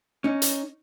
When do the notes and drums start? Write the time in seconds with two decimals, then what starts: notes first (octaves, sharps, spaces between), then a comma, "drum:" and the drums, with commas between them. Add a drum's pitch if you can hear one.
0.24 C#4 D#4
0.42 drum: hi-hat